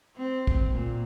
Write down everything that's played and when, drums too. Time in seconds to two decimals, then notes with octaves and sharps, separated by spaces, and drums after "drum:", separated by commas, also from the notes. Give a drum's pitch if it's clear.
0.17 C4
0.47 drum: kick
0.70 A#2